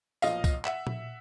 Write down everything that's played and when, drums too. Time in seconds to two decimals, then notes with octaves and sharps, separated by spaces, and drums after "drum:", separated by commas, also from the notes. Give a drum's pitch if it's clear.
0.22 B1 A#2 F3 D#5 F5, drum: tambourine
0.44 drum: kick, tambourine
0.65 E5 F#5, drum: clap
0.87 drum: tom A#2